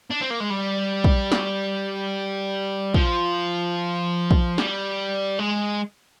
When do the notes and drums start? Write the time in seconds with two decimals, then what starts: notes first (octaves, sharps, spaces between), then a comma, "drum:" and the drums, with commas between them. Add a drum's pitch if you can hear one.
0.10 D4
0.21 C4
0.30 A#3
0.40 G#3
0.50 G3
1.04 drum: kick
1.32 drum: snare
2.94 F3, drum: kick
4.31 drum: kick
4.58 G3, drum: snare
5.39 G#3